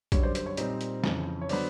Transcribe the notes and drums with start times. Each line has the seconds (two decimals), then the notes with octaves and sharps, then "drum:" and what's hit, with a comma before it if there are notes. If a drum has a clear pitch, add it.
0.12 F#2 D3 G3 C#5, drum: kick, hi-hat
0.23 C5 D5
0.35 C5, drum: hi-hat
0.46 C#5
0.57 A#2 G3 C4 D#4 C5, drum: hi-hat
0.81 drum: hi-hat
1.04 F2 C#3 E3, drum: snare
1.41 C#5
1.49 D3 F#3 B3 C5 D5, drum: open hi-hat